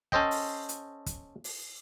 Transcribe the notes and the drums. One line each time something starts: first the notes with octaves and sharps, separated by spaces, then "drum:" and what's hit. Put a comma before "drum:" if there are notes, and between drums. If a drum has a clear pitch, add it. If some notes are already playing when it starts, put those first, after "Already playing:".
C#4 A4 C5 D#5 G5, drum: kick
drum: open hi-hat
drum: hi-hat
drum: kick, hi-hat
drum: open hi-hat